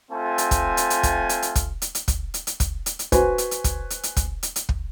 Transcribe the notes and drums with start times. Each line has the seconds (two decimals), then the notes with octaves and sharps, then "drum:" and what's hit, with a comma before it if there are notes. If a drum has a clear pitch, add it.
0.11 A3 C4 F4 G#5
0.38 drum: hi-hat
0.51 drum: kick, hi-hat
0.77 drum: hi-hat
0.90 drum: hi-hat
1.03 drum: kick, hi-hat
1.29 drum: hi-hat
1.42 drum: hi-hat
1.55 drum: kick, hi-hat
1.82 drum: hi-hat
1.95 drum: hi-hat
2.08 drum: kick, hi-hat
2.34 drum: hi-hat
2.47 drum: hi-hat
2.60 drum: kick, hi-hat
2.86 drum: hi-hat
2.99 drum: hi-hat
3.12 F#4 B4 C5 G#5, drum: kick, hi-hat
3.38 drum: hi-hat
3.51 drum: hi-hat
3.64 drum: kick, hi-hat
3.90 drum: hi-hat
4.03 drum: hi-hat
4.17 drum: kick, hi-hat
4.43 drum: hi-hat
4.56 drum: hi-hat
4.69 drum: kick